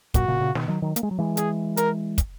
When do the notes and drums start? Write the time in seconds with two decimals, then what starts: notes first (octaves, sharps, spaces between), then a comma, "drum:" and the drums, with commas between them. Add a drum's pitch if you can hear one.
0.14 F#2 A#2 F#4, drum: kick, hi-hat
0.28 A#2 C#3
0.41 A#2 C#3
0.55 B2 D#3, drum: snare
0.68 D#3 F#3
0.82 D#3 F#3
0.96 A#3, drum: hi-hat
1.03 G#3
1.11 F#3
1.19 E3 G#3
1.37 G#4, drum: hi-hat
1.77 A#4, drum: hi-hat
2.18 drum: kick, hi-hat